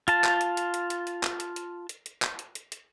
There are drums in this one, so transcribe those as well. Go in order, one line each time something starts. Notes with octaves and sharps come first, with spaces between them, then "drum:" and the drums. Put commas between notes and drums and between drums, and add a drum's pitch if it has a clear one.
F4 A5, drum: hi-hat
drum: clap
drum: hi-hat
drum: hi-hat
drum: hi-hat
drum: hi-hat
drum: hi-hat
drum: clap
drum: hi-hat
drum: hi-hat
drum: hi-hat
drum: hi-hat
drum: clap
drum: hi-hat
drum: hi-hat
drum: hi-hat